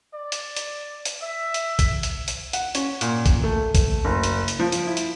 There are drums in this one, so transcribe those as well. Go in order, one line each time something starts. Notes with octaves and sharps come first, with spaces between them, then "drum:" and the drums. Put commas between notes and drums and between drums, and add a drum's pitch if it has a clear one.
D5
drum: hi-hat
drum: hi-hat
drum: hi-hat
E5
drum: hi-hat
drum: kick A#1, hi-hat
drum: hi-hat
drum: hi-hat
F#5, drum: hi-hat
C#4, drum: hi-hat
A#2, drum: hi-hat
drum: kick A#1, hi-hat
A3
drum: kick A#1, hi-hat
F#1
drum: hi-hat
drum: hi-hat
F3
drum: hi-hat
E4
drum: hi-hat